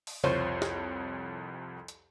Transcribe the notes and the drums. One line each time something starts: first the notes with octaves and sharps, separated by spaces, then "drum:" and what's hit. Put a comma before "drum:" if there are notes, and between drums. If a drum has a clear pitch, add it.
drum: open hi-hat
C2 F2 F4 C5 C#5, drum: tom C#3
drum: snare
drum: hi-hat